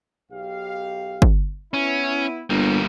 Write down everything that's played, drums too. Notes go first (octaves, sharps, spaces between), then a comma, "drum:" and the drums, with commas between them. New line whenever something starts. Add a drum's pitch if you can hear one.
B1 G4 F5
drum: kick G1
B3 C#4 E4
G1 G3 A#3